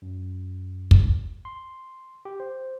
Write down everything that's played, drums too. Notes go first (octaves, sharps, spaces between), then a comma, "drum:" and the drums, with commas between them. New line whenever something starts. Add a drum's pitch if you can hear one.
F#2
drum: kick
C6
G4
C5